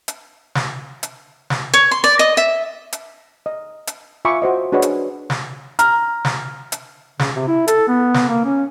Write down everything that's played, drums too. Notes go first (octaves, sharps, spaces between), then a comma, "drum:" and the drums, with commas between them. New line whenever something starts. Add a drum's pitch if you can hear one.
drum: hi-hat
drum: snare
drum: hi-hat
drum: snare
C#5
C6
D5
D#5
E5
drum: hi-hat
D#5
drum: hi-hat
F4 E5 G#5 B5 C#6 D6
F#4 C5 D#5
D4 F#4 G#4 B4 C#5 D#5
drum: hi-hat
drum: snare
A#5 F6, drum: hi-hat
drum: snare
drum: hi-hat
C#3, drum: snare
C3
E4
A4, drum: hi-hat
B3
drum: snare
A#3
C#4